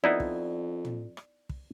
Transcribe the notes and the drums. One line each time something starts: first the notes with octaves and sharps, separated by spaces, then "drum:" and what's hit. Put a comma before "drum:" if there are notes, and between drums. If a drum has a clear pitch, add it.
F2 B3 D#4 E4 D5
drum: kick
drum: tom
drum: rim click
drum: kick